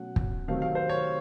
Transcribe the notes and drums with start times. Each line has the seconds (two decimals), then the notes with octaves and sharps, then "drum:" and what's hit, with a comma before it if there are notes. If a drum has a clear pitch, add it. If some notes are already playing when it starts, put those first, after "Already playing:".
Already playing: B2 F#3 A3 C#4 F#5
0.16 drum: kick
0.48 C3 D#3 F#3 A3 C4 F5
0.62 F5
0.75 C5
0.89 C#5